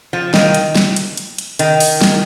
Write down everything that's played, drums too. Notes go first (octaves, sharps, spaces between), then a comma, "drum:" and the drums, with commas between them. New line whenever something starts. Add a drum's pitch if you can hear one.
F3
D#3, drum: snare
drum: hi-hat
drum: snare
drum: hi-hat
drum: hi-hat
drum: hi-hat
D#3, drum: hi-hat
drum: open hi-hat
drum: snare